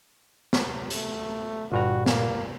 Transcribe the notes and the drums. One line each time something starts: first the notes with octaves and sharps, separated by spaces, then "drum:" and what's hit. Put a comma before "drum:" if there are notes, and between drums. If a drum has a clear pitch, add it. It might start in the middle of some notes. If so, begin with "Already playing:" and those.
drum: snare
A3, drum: hi-hat
G1 G2 A#2 F#4 A#5
A#3, drum: snare